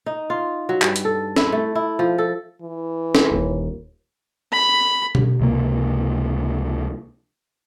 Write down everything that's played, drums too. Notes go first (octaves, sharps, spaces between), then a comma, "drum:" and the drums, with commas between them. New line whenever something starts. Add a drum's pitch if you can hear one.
D#4
F4
F#3
G2, drum: clap
drum: hi-hat
A4
E4, drum: snare
A3
E4
F3
A4
E3
drum: snare
D#1 D#2
B5
drum: tom B2
C#2 C3 A#3